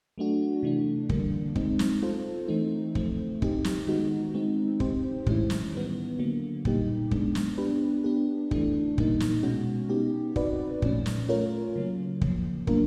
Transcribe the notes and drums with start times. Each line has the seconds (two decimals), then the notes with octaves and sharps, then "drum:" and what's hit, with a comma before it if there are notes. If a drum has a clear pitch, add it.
0.18 F#3 A3 D4 F#4
0.63 C3 E3 A3 D4
1.09 D3 G3 A#3 D4, drum: kick
1.56 G#3 C4 D#4, drum: kick
1.79 drum: snare
2.03 C4 F4 A4 C5
2.48 E3 A3 C4 D#4
2.95 F3 A3 C4, drum: kick
3.42 C4 D#4 G4, drum: kick
3.64 drum: snare
3.87 D#3 G#3 B3 D#4 F#4
4.34 G#3 C4 D#4
4.80 C4 D#4 G4 C5, drum: kick
5.26 A2 E3 G#3 C#4 E4, drum: kick
5.50 drum: snare
5.73 D#3 G3 B3
6.19 D3 F#3 A#3
6.65 A#2 G3 A#3 D#4 G4, drum: kick
7.11 G#3 B3 D4, drum: kick
7.35 drum: snare
7.58 B3 D4 G4 B4
8.04 B3 D4 G4
8.51 E3 A3 D4, drum: kick
8.98 A#2 G3 A#3 D#4, drum: kick
9.20 drum: snare
9.43 B2 G#3 C#4 F#4
9.89 B3 D#4 G4
10.36 C4 D#4 F#4 B4 D5, drum: kick
10.82 A#2 F3 A3 C#4, drum: kick
11.06 drum: snare
11.29 A3 C#4 F4 A#4 C#5
11.76 C#3 F#3 A#3
12.21 C#3 F3 A#3, drum: kick
12.67 F#3 A#3 D4 F4 A#4, drum: kick